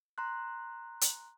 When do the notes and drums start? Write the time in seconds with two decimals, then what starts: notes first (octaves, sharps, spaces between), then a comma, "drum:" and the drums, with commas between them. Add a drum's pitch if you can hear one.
0.18 A#5 C6 F#6
1.01 drum: hi-hat